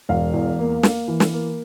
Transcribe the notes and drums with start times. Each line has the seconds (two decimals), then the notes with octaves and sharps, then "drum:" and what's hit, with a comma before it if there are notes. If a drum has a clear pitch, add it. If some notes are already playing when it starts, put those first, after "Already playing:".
0.09 E1 F5
0.33 E2
0.59 A#3
0.83 A#3, drum: snare
1.08 E3
1.20 drum: snare
1.33 A#3